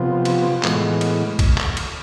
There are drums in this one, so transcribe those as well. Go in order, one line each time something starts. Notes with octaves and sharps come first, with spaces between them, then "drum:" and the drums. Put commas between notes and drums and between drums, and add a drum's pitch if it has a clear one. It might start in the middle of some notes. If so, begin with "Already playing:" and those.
Already playing: C3 F3 B3 F4
drum: cymbal
A2 E3 G#3 B3, drum: clap
drum: cymbal
drum: kick, cymbal
drum: clap
drum: cymbal